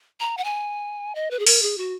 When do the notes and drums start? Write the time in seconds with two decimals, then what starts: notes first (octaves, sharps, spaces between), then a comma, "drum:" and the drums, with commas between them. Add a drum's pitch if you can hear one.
0.20 A#5
0.37 F#5
0.44 G#5
1.15 D#5
1.31 B4
1.39 G#4
1.47 A#4, drum: open hi-hat
1.62 G#4
1.78 F#4